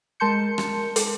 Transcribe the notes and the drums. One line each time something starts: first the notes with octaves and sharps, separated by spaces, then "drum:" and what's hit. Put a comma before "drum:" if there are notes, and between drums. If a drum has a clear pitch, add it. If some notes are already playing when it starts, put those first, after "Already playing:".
G#3 A#4 A5 C6 G6 C#7
drum: rim click
drum: hi-hat